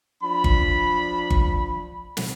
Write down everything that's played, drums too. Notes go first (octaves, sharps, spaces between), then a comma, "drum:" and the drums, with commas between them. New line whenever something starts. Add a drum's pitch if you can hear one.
F3 D4 B5
drum: kick G1
drum: kick G1
drum: snare